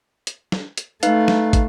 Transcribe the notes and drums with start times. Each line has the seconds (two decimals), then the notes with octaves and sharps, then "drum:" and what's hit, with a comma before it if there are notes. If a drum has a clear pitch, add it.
0.27 drum: hi-hat
0.52 drum: snare
0.78 drum: hi-hat
1.03 A3 D#4 B4 F5, drum: hi-hat
1.28 drum: snare
1.53 drum: kick, hi-hat